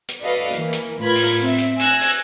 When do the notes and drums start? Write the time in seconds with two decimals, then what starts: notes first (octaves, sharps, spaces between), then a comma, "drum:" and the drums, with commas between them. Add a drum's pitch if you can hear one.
0.09 drum: hi-hat
0.22 F#4 A4 B4 D5 D#5 F5
0.53 E3 A#3, drum: hi-hat
0.73 drum: hi-hat
1.01 A2 F4 A#4 B4 B5 G#6
1.15 drum: open hi-hat
1.41 C4 E5
1.58 drum: hi-hat
1.80 G#5 E6 F#6 G#6 A#6, drum: hi-hat
2.01 drum: open hi-hat